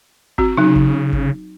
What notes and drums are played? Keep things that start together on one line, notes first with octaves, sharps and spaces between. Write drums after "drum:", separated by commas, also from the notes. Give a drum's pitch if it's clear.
C4 F#4, drum: kick G1
C#3 F#3 D#4
drum: kick G1
drum: kick G1